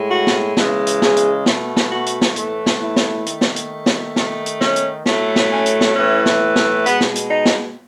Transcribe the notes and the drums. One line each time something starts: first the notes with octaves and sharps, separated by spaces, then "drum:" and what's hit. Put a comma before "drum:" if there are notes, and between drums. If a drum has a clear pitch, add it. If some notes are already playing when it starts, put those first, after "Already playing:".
Already playing: A2 G#3
F#4
drum: snare
C#3 E3 G#3, drum: snare
drum: hi-hat
G#4, drum: snare
drum: hi-hat
B2 A3, drum: snare
drum: snare
F#4
drum: hi-hat
drum: snare
A2 E3 A3, drum: hi-hat
drum: snare
E4
drum: snare
D#3 A3, drum: hi-hat
drum: snare
drum: hi-hat
drum: snare
D#3 A3, drum: snare
drum: hi-hat
C#4, drum: snare
drum: hi-hat
A2 F#3 A3, drum: snare
drum: snare
C#4
drum: hi-hat
drum: snare
A2 E3 A3 C#4
drum: snare
drum: snare
B2 G#3 B3, drum: hi-hat
drum: snare
drum: hi-hat
D#4
drum: snare